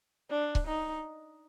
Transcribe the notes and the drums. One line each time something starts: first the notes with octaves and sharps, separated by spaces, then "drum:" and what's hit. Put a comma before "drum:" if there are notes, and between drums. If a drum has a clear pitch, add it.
D4
drum: kick C#1
D#4